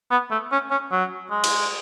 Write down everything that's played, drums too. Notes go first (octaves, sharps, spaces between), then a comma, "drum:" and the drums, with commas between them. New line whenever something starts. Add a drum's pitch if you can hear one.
B3
A3
C#4
C#4
F#3
G#3
drum: cymbal